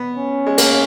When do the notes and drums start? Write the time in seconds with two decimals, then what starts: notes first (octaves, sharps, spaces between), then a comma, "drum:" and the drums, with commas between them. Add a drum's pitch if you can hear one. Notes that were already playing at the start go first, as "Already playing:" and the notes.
Already playing: B3
0.17 C#4
0.47 G#3
0.58 A#3, drum: cymbal